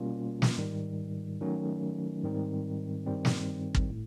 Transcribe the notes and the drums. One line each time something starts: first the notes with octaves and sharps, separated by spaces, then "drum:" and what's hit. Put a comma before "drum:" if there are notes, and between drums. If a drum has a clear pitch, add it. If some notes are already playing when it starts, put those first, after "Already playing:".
Already playing: B2 G3 A#3 C#4 F4
drum: snare
G#2 D#3 G3
D#3 F#3 A3 C#4
G#2 D#3 G3 C4
G2 D#3 G3 C4
drum: snare
drum: kick
A2